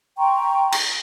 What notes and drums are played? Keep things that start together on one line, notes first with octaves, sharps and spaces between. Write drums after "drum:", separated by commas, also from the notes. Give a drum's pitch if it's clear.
G5 A#5 C6 C#6
drum: cymbal